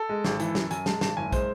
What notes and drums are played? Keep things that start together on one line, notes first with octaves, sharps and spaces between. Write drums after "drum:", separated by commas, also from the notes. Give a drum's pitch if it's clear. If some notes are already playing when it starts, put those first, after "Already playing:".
Already playing: A4
G#3
G#1, drum: snare
E3, drum: hi-hat
F#2, drum: snare
F#2 G#5, drum: hi-hat
G#3 A5, drum: snare
G#1 A5, drum: snare
F#1 G#5
G#3 C5, drum: kick, hi-hat